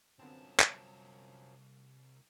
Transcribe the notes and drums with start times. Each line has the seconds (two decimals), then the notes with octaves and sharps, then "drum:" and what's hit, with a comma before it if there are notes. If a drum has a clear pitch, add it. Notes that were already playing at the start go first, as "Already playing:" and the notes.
0.19 C2 F#2 D3 F3 F#3 B3 C4 A5
0.60 drum: clap